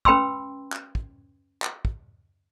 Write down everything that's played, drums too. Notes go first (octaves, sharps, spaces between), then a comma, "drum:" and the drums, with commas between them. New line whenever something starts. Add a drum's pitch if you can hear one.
C#4 B4 G5 B5 C6 E6, drum: kick
drum: clap
drum: kick
drum: clap
drum: kick